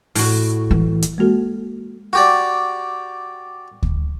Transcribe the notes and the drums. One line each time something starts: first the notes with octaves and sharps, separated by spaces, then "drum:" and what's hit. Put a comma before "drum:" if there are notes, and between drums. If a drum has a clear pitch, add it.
A2 F#4, drum: open hi-hat
E3
drum: hi-hat
G#3 A#3 F#4 A4
F#4 G4 D5
drum: kick D2